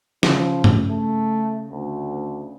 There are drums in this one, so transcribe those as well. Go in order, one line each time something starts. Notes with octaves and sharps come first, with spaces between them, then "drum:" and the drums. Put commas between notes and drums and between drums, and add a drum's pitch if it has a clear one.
C#3 F3, drum: snare
drum: tom G2
A3
D2